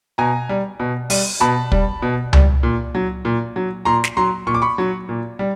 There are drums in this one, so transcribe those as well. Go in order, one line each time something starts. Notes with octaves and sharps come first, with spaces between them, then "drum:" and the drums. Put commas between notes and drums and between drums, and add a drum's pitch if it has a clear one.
B2 G#5 A#5
G3
B2
G3, drum: open hi-hat
B2 A5 B5
G3, drum: kick
B2
G3, drum: tom C#2
A#2
F#3
A#2
F#3
A#2 A#5 C6
drum: snare
F#3 A#5 C6
A#2 C#6
D6
B5 C#6
F#3
A#2
G3